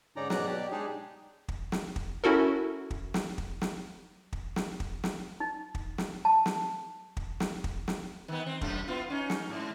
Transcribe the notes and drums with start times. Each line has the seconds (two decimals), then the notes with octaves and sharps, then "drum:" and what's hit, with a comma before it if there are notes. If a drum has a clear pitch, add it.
0.16 G#2 D3 C#4 D#4 D5 A#5
0.30 G#2 B2 F#3 D5 A#5 F#6, drum: snare
0.47 B2 F#3 G4 D5
0.72 G#3 D4 D#4 G4 G#4
1.48 drum: kick
1.72 drum: snare
1.96 drum: kick
2.24 C#4 E4 F#4 A4 A#4
2.90 drum: kick
3.14 drum: snare
3.38 drum: kick
3.62 drum: snare
4.33 drum: kick
4.56 drum: snare
4.80 drum: kick
5.04 drum: snare
5.40 D#4
5.75 drum: kick
5.98 drum: snare
6.25 A5
6.46 drum: snare
7.17 drum: kick
7.40 drum: snare
7.64 drum: kick
7.88 drum: snare
8.28 D#3 B3
8.47 C4
8.61 F#2 A2 A3, drum: kick
8.88 B3 E4 F4
9.10 C#4 D#4
9.30 drum: snare
9.49 G#2